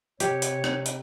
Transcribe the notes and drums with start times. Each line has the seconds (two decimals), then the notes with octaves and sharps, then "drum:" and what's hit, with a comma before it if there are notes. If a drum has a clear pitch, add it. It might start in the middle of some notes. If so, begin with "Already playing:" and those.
0.20 C3 G4 C#5, drum: hi-hat
0.42 drum: hi-hat
0.64 drum: rim click
0.86 drum: hi-hat